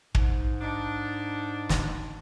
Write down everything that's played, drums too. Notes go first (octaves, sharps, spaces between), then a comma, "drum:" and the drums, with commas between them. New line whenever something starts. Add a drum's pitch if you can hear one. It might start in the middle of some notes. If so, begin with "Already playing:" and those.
G#2, drum: kick
D4 D#4
drum: snare